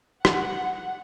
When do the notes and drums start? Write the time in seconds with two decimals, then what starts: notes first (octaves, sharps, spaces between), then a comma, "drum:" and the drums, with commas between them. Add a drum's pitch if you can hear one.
0.25 F#5, drum: rim click